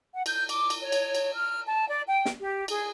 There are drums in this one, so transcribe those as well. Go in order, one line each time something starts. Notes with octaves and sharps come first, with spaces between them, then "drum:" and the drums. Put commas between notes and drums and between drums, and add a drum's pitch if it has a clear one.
F#5
G6, drum: cymbal
D6, drum: cymbal
drum: cymbal
C#5
drum: cymbal
drum: cymbal
F6
A5
D5
G5
drum: snare
G4
G#4, drum: cymbal